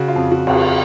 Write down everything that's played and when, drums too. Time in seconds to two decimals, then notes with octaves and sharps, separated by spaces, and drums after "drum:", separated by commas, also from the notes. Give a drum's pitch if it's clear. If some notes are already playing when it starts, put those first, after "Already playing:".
Already playing: C#3 F#4
0.08 F4
0.16 F2
0.32 F#4
0.47 F2, drum: cymbal
0.54 F4